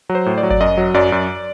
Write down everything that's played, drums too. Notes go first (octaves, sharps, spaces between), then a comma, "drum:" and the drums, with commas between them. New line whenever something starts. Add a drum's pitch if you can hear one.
F#3
C5
A2
D5
F#3
D5, drum: kick G1
F#2 D#5
F#3
F#2 D5
F#2